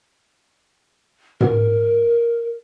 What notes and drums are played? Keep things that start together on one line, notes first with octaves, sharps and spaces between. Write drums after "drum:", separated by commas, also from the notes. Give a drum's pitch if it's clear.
A#4, drum: tom